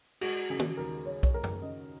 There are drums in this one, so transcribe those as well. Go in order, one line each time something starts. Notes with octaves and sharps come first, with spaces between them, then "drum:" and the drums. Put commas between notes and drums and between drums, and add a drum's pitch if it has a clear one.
G#3 F#4, drum: cymbal
C#3 G#4
drum: tom
D#2 A#4
C#4 C#5
C#5, drum: kick B1
G#3 A#4
drum: tom F#2
C#3 D#5